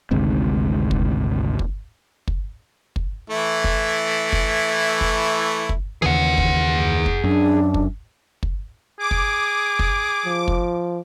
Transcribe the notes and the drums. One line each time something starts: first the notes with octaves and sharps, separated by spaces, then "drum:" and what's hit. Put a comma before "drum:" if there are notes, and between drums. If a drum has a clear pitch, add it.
G#1 D2 G#2 C3
drum: kick
drum: kick
drum: kick
drum: kick
E3 A3 E4
drum: kick
drum: kick
drum: kick
drum: kick
D#2 C#3 E3 G#4 F#5
drum: kick
drum: kick
F#2 D4
drum: kick
drum: kick
G#4 D6
drum: kick
drum: kick
F3
drum: kick